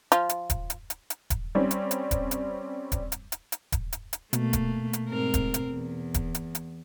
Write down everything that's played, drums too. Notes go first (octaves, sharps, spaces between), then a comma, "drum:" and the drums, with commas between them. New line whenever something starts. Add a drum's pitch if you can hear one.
F3 F4, drum: hi-hat
drum: hi-hat
drum: kick D#1, hi-hat
drum: hi-hat
drum: hi-hat
drum: hi-hat
drum: kick D#1, hi-hat
G3 C4 C#4
drum: hi-hat
drum: hi-hat
drum: kick D#1, hi-hat
drum: hi-hat
drum: kick D#1, hi-hat
drum: hi-hat
drum: hi-hat
drum: hi-hat
drum: kick D#1, hi-hat
drum: hi-hat
drum: hi-hat
B2 A3 A#3, drum: hi-hat
drum: kick D#1, hi-hat
drum: hi-hat
G#2 C4 A#4
drum: kick D#1, hi-hat
drum: hi-hat
E2
drum: kick D#1, hi-hat
drum: hi-hat
drum: hi-hat